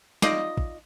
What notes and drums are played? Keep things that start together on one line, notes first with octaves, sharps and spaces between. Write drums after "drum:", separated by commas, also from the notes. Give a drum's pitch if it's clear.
D#4 F4 D5 D#5, drum: snare
drum: kick